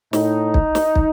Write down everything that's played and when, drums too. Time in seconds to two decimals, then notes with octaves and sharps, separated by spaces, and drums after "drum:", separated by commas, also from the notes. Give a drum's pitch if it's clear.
0.13 A2 D#4, drum: snare
0.54 drum: kick
0.75 drum: snare
0.95 drum: kick